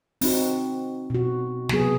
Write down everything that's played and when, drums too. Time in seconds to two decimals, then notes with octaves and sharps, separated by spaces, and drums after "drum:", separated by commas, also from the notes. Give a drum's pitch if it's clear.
0.21 C4 D#4 F#4, drum: open hi-hat
1.10 B2 F#4
1.69 C3 F#3 B3 G#4, drum: snare